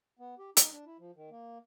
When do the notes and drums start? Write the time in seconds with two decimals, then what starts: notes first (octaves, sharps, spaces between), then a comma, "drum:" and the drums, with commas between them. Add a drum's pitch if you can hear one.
0.19 B3
0.39 G4
0.57 D#4, drum: hi-hat
0.72 D4
0.86 E4
0.99 F3
1.16 D#3
1.30 A#3